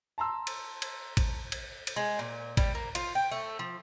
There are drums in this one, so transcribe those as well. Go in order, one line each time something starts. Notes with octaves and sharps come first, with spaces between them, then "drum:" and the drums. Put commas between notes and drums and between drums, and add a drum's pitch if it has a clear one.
A5 A#5 C6 E6
drum: cymbal
drum: cymbal
drum: kick G#1, cymbal
drum: cymbal
drum: cymbal
G#3
A#2
G3, drum: kick G#1, cymbal
A#3
F4, drum: cymbal
G5
A3
F3